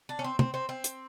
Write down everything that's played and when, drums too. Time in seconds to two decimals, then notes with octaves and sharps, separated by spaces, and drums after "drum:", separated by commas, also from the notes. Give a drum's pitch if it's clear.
0.09 D4
0.19 C#4
0.24 C4
0.39 C4, drum: tom
0.54 C4
0.69 C4
0.84 drum: hi-hat